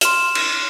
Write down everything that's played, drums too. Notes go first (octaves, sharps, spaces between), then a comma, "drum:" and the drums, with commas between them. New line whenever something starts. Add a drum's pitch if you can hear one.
C6 F6 E7, drum: hi-hat
drum: cymbal